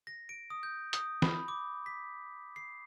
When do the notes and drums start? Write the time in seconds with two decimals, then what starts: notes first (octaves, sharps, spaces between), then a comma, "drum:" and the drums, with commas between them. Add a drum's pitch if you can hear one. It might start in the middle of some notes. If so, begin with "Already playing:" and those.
0.07 A#6
0.29 D7
0.50 D#6
0.63 G6
0.93 D#6, drum: hi-hat
1.22 B5, drum: snare
1.48 D6
1.86 B6
2.56 C7